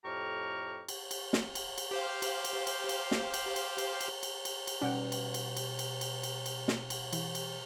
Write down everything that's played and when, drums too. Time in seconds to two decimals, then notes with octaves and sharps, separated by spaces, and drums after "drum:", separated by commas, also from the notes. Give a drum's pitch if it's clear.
0.05 F2 A2 G4 A#5 C#6 F6
0.88 drum: cymbal
1.11 drum: cymbal
1.33 drum: snare
1.55 drum: cymbal
1.78 drum: cymbal
1.91 G4 C5 F5
2.22 drum: cymbal
2.44 drum: cymbal
2.67 drum: cymbal
2.89 drum: cymbal
3.11 drum: snare
3.34 drum: cymbal
3.56 drum: cymbal
3.78 drum: cymbal
4.01 drum: cymbal
4.23 drum: cymbal
4.45 drum: cymbal
4.67 drum: cymbal
4.81 B2 G3 C#4 D#4 D5 F#5 G5
5.12 drum: cymbal
5.34 drum: cymbal
5.57 drum: cymbal
5.79 drum: cymbal
6.01 drum: cymbal
6.23 drum: cymbal
6.46 drum: cymbal
6.68 drum: snare
6.90 drum: cymbal
7.13 E3, drum: cymbal
7.35 drum: cymbal